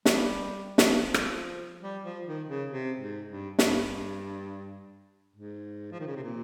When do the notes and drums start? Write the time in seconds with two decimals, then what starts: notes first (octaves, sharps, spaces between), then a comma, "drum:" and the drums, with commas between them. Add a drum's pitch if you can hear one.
0.05 G3, drum: snare
0.78 drum: snare
0.95 F3
1.14 drum: rim click
1.82 G3
2.04 F3
2.27 D#3
2.48 C#3
2.70 C3
3.00 G#2
3.29 G2
3.59 G2, drum: snare
5.36 G#2
5.92 F3
6.00 D#3
6.07 C#3
6.16 C3
6.23 A#2